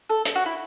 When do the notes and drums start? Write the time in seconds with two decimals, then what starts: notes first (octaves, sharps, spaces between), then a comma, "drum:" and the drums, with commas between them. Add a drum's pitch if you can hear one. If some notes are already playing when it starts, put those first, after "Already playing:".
0.10 A4
0.25 drum: hi-hat
0.36 F#4
0.46 E4